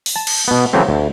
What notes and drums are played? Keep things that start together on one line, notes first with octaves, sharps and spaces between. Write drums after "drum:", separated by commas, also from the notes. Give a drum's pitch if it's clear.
drum: open hi-hat
A5
drum: cymbal
B2 B3
C#3 E3 F#3 A3 C4
D2